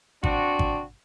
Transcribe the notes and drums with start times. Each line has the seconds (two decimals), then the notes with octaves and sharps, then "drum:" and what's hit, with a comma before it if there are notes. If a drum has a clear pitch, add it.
0.24 C4 D4 F#4, drum: kick
0.59 drum: kick